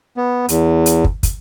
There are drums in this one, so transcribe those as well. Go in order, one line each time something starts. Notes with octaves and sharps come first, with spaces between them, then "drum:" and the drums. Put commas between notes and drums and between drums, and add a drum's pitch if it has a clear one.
B3
E2, drum: hi-hat
drum: hi-hat
drum: kick
drum: kick, hi-hat